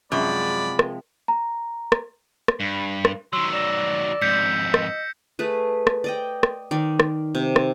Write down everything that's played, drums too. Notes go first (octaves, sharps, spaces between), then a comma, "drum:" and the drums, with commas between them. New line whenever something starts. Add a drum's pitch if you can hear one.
F#2 C3 F3 G#3 D5 B5
drum: rim click
A#5
drum: rim click
drum: rim click
G2
drum: rim click
D#3 F#3 C6 E6
D5 E6 A#6 E7
F2 G#2 G6 B6 C#7
D#5, drum: rim click
A3 G#4 B4
drum: rim click
D5 D#5 G5
drum: rim click
D#3 D5
drum: rim click
C3
drum: rim click